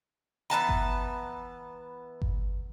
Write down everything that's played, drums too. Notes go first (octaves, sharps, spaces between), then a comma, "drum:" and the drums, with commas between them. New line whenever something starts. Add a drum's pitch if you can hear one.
E3 B3 A5 A#5
drum: kick G1
drum: kick G1